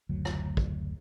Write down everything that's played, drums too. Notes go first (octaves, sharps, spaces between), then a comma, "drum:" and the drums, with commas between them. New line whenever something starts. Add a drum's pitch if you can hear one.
F#1 D2 F#3
drum: rim click
drum: kick